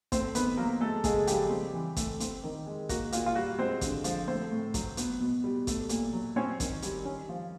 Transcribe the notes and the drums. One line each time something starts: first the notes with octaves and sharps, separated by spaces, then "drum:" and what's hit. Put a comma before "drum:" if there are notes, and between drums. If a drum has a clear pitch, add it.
A3 C4 C5, drum: kick, hi-hat
D#3 B3 B4, drum: hi-hat
F#3 A#3 A#4
G#3 A3 A4
C#3 G#3 G#4, drum: kick, hi-hat
F3 G3 G4, drum: hi-hat
C4
E3
A3, drum: kick, hi-hat
C4, drum: hi-hat
D#3
G#3
A#3 F#4, drum: kick, hi-hat
A#2 F4, drum: hi-hat
F4
G3 F#4
G#3 C4 C5
D3, drum: kick, hi-hat
F3, drum: hi-hat
A3 C4 C5
A2
F#3, drum: kick, hi-hat
B3, drum: hi-hat
B2
G3
A3, drum: kick, hi-hat
A#2, drum: hi-hat
F#3
C4 C#4 C#5
D#3, drum: kick, hi-hat
G3, drum: hi-hat
C#4
F3